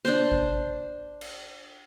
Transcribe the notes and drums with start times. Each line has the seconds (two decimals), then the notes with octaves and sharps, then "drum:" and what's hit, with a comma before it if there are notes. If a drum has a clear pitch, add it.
0.05 D4 C5, drum: snare
0.32 drum: kick G#1
1.21 drum: cymbal